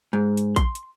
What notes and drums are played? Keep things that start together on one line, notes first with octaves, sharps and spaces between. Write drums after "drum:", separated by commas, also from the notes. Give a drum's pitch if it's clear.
G#2
drum: hi-hat
C6, drum: kick A#1, hi-hat
drum: hi-hat